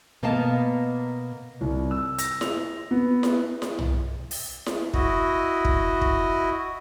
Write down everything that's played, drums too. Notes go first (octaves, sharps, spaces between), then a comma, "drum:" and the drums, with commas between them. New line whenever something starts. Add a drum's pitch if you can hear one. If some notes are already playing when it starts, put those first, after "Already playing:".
B2 A#3 B3 D#5 F5 A5
C2
E6
A#6, drum: hi-hat
F7, drum: snare E4
B3
drum: snare E4
drum: snare E4
drum: tom
drum: open hi-hat
drum: snare E4
E4 F#4 D#5, drum: kick
drum: kick
drum: kick